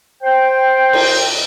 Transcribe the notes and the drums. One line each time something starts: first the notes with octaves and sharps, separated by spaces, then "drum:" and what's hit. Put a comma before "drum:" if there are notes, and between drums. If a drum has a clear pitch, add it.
C5 G5
drum: cymbal